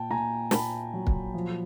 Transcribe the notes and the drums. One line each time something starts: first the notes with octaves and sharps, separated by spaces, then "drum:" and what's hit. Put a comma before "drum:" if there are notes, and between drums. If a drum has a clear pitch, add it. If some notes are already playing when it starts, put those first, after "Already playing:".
Already playing: A#2 G5 A5
A#2 G#5 A#5
A#2 A5 B5, drum: snare
F#3
drum: kick
F3